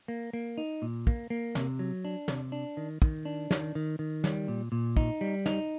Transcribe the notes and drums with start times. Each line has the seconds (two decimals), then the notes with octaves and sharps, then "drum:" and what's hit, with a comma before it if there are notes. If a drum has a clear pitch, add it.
0.08 A#3
0.33 A#3
0.58 D#4
0.82 A#2
1.07 A#3, drum: kick
1.30 A#3
1.55 C3, drum: snare
1.79 F#3
2.05 D4
2.28 C3, drum: snare
2.52 D4
2.77 D#3
3.02 D#3, drum: kick
3.25 D4
3.51 D#3, drum: snare
3.75 D#3
3.99 D#3
4.24 G3, drum: snare
4.48 A#2
4.72 A#2
4.97 D#4, drum: kick
5.21 G3
5.46 D#4, drum: snare